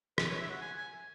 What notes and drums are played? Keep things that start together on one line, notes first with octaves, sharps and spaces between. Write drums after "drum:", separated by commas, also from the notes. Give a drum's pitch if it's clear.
B4, drum: rim click
C#5
E5
F#5
G#5
G#5